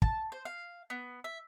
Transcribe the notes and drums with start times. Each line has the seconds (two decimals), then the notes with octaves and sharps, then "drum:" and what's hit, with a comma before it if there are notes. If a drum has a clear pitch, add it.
0.02 A5, drum: kick
0.32 C5
0.45 F5
0.90 B3
1.24 E5